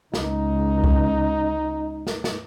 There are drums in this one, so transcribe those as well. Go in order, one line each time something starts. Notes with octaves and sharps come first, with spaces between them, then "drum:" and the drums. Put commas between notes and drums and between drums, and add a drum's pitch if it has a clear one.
C#2 D#4, drum: snare
drum: kick C2
drum: snare
drum: snare